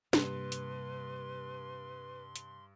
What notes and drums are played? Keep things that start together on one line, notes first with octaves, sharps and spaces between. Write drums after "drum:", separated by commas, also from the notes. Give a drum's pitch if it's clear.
G2 C3 G3 A#3 B4 C6, drum: snare
drum: hi-hat
drum: hi-hat